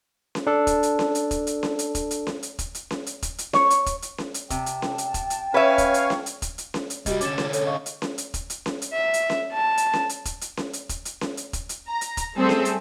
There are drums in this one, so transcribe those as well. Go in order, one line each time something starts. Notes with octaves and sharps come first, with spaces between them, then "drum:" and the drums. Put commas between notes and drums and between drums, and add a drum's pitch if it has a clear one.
drum: snare C#4
D4 A4
drum: kick, hi-hat
drum: hi-hat
drum: snare C#4
drum: hi-hat
drum: kick, hi-hat
drum: hi-hat
drum: snare C#4
drum: hi-hat
drum: kick, hi-hat
drum: hi-hat
drum: snare C#4
drum: hi-hat
drum: kick, hi-hat
drum: hi-hat
drum: snare C#4
drum: hi-hat
drum: kick, hi-hat
drum: hi-hat
C#5, drum: snare C#4
drum: hi-hat
drum: kick, hi-hat
drum: hi-hat
drum: snare C#4
drum: hi-hat
C3 G5 A5, drum: kick, hi-hat
drum: hi-hat
drum: snare C#4
drum: hi-hat
drum: kick, hi-hat
drum: hi-hat
C#4 B4 C#5 E5 F5 G#5
drum: kick, hi-hat
drum: hi-hat
drum: snare C#4
drum: hi-hat
drum: kick, hi-hat
drum: hi-hat
drum: snare C#4
drum: hi-hat
C2 G3 F#4 G4 D#5, drum: kick, hi-hat
D3 C#4 D6 A6 E7, drum: hi-hat
drum: snare C#4
A4 C#5, drum: hi-hat
D#5 F5 C#6
drum: hi-hat
drum: snare C#4
drum: hi-hat
drum: kick, hi-hat
drum: hi-hat
drum: snare C#4
drum: hi-hat
E5
drum: hi-hat
drum: snare C#4
A5
drum: hi-hat
drum: snare C#4
drum: hi-hat
drum: kick, hi-hat
drum: hi-hat
drum: snare C#4
drum: hi-hat
drum: kick, hi-hat
drum: hi-hat
drum: snare C#4
drum: hi-hat
drum: kick, hi-hat
drum: hi-hat
A#5
drum: hi-hat
drum: kick, hi-hat
G3 A3 C4 G#4 A4 C5
drum: snare C#4
drum: hi-hat